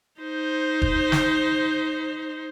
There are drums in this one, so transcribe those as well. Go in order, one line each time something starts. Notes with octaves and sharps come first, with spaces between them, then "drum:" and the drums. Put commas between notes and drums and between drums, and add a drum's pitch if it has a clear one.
D#4 C5
drum: kick E1
drum: snare